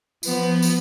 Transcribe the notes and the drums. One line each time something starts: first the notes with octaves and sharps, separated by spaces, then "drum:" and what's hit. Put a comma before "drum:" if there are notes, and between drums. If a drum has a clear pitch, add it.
F3 B3, drum: tambourine
drum: tambourine